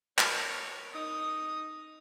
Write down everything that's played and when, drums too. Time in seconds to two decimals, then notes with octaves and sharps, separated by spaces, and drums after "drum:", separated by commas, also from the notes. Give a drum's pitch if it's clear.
0.18 A#4 C#5, drum: clap
0.92 D#4 D#6